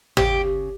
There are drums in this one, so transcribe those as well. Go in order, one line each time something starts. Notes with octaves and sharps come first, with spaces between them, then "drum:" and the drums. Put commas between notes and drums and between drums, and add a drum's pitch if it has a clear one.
C#3 G4, drum: tom G#1